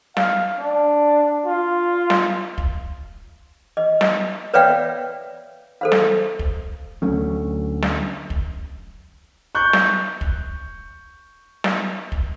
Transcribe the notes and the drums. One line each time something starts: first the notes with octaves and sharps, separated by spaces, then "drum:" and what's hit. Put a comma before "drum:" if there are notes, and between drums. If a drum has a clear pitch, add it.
F5, drum: snare
D4
F4
drum: snare
drum: kick
D#5
drum: snare
B4 C#5 D5 E5 F5 G5
A4 C5 F5
drum: snare
drum: kick
D2 F#3 A3 C#4
drum: snare
drum: kick
C#6 F#6 G6
drum: snare
drum: kick
drum: snare
drum: kick